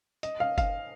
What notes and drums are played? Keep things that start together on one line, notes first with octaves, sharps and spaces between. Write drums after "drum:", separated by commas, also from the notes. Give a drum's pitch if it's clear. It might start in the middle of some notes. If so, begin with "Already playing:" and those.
D#5, drum: hi-hat
F5
F5, drum: kick F#1, hi-hat